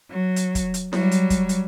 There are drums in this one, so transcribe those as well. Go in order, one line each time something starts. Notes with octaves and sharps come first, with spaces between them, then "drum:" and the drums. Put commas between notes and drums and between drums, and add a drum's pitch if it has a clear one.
F#3
drum: hi-hat
drum: kick, hi-hat
drum: hi-hat
F#3 G3, drum: snare E4
drum: hi-hat
drum: kick, hi-hat
drum: hi-hat